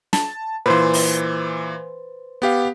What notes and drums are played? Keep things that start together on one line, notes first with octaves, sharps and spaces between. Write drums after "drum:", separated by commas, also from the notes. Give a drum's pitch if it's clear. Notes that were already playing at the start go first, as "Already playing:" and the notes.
A5, drum: snare
A#2 E3 B4 C5 C6
drum: open hi-hat
B3 G4 F5